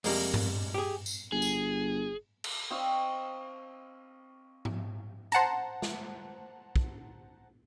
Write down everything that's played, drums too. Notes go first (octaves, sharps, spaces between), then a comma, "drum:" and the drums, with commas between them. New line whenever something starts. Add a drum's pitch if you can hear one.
F2 C3 G3 G#3 A#3, drum: open hi-hat
drum: tom G2
G4 G#4
drum: tambourine
G1 G#4
drum: tambourine
drum: cymbal
C4 D#5 F5 C#6
drum: tom G#2
C5 F#5 A5 A#5, drum: hi-hat
drum: snare
drum: kick